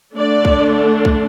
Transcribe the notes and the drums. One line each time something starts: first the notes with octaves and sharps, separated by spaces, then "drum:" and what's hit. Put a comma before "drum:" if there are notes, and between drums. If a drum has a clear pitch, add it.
D3 A3 D4 D5
drum: kick
drum: kick